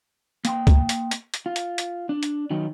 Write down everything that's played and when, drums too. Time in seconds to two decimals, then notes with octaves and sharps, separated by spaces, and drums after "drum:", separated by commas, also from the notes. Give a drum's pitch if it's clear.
0.45 A#3 G5 C6, drum: hi-hat
0.67 drum: kick C#2, hi-hat
0.89 drum: hi-hat
1.11 drum: hi-hat
1.34 drum: hi-hat
1.46 F4
1.56 drum: hi-hat
1.78 drum: hi-hat
2.09 D4
2.23 drum: hi-hat
2.50 D#3 F#3 D#4